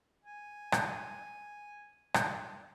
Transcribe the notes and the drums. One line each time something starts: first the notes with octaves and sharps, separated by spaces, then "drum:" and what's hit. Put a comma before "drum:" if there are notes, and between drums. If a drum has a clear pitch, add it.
G#5
drum: rim click
drum: rim click